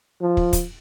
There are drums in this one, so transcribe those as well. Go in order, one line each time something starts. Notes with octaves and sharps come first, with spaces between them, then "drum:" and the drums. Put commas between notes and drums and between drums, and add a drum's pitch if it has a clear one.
F3
drum: kick
drum: kick, hi-hat